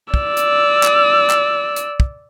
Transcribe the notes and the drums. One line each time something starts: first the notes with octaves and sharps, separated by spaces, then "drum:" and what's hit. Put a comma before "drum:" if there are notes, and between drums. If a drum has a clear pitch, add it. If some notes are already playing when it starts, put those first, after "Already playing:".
D5 E6, drum: kick
drum: hi-hat
drum: clap
drum: clap
drum: hi-hat
drum: kick